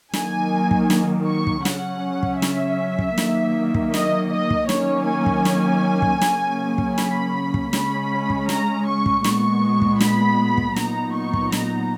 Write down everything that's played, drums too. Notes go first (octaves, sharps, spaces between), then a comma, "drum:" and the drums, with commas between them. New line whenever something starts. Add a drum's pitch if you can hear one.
D#3 F#3 A#3 G#5, drum: snare
drum: kick
drum: snare
C#6
drum: kick
C#3 F#3 C#4 F#5, drum: snare
drum: kick
E5, drum: snare
drum: kick
D#3 F#3 A#3, drum: snare
drum: kick
D#5, drum: snare
D#5
drum: kick
D#3 F#3 A#3 C#4 C#5, drum: snare
G#5
drum: kick
drum: snare
drum: kick
C#3 F#3 A#3 C#4, drum: snare
drum: kick
B5, drum: snare
drum: kick
C#3 G#3 C#4 B5, drum: snare
drum: kick
A#5, drum: snare
C#6
drum: kick
A#2 G#3 B3 C#6, drum: snare
drum: kick
B5, drum: snare
drum: kick
A#2 F#3 B3 D#4 A#5, drum: snare
C#6
drum: kick
A#5, drum: snare